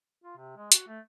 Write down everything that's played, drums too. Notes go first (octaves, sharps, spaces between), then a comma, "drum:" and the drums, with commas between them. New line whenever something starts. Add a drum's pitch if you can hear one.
F4
C3
G#3
F#4, drum: hi-hat
A3